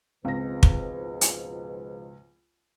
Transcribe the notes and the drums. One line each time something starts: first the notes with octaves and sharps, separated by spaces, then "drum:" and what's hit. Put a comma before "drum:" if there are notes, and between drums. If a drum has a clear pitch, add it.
C#2 G#2 B2 F3 C4 B4 A#6
drum: kick
drum: hi-hat